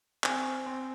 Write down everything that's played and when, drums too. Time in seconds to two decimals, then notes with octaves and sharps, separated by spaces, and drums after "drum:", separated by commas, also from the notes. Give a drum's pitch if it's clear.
0.24 C4 G#5, drum: clap
0.66 C4